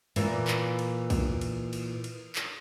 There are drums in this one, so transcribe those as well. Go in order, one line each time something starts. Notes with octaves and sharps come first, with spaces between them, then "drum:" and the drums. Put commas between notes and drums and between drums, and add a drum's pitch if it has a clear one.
A#2 E3 A#3 E4, drum: cymbal
drum: clap
drum: cymbal
drum: kick, cymbal
drum: cymbal
drum: cymbal
drum: cymbal
drum: clap